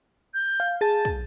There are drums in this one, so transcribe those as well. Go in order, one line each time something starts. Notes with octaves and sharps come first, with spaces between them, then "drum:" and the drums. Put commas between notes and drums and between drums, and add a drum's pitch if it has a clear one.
G6
F5, drum: tambourine
G#4 A5 A6
drum: kick, tambourine